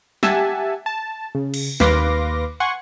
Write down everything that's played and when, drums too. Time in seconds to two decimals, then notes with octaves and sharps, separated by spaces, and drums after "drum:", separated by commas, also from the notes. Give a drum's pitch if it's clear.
0.23 G4 E5 F#5 G#5 A5, drum: snare
0.86 A5
1.35 C#3
1.54 drum: cymbal
1.80 D#2 B4 F5 C6 D6 A#6, drum: snare
2.60 F#5 G#5 C6 C#6